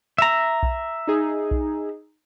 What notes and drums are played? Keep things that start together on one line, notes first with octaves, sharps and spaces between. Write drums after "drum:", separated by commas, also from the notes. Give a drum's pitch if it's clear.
E5 A#5
drum: kick B1
D#4 G#4
drum: kick B1